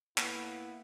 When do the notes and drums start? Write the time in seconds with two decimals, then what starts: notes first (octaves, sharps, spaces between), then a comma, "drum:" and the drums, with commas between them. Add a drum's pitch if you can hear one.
0.18 A2 A#3 B3 E4 B4 F#5 G5, drum: clap